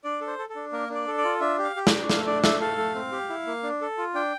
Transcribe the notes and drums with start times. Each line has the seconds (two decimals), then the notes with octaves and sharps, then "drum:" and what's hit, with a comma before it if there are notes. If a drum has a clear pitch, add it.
0.04 D4 D5
0.21 A4
0.27 C5
0.38 A4
0.49 A4
0.55 D4
0.72 A#3 A#4
0.90 D4 D5
1.08 A4
1.18 D5
1.24 F4
1.41 D4 E5
1.59 G4 F5
1.76 G4
1.87 G5, drum: snare
1.92 D4
2.09 A3 F5, drum: snare
2.26 D4 D5
2.44 A3 E5, drum: snare
2.60 A4 F5
2.78 A3
2.95 C4
3.11 G4
3.30 E4
3.47 A#3
3.63 D4
3.81 A4
3.98 F4
4.15 D4 G5